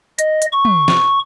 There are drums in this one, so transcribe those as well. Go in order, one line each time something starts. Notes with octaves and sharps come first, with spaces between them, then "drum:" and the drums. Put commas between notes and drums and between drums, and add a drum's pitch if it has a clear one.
D#5, drum: hi-hat
drum: hi-hat
C#6
drum: tom
drum: snare